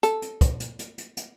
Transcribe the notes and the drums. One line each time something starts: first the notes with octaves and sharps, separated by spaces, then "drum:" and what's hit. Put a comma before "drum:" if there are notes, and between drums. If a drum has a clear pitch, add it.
A4, drum: hi-hat
drum: hi-hat
drum: kick, hi-hat
drum: hi-hat
drum: hi-hat
drum: hi-hat
drum: hi-hat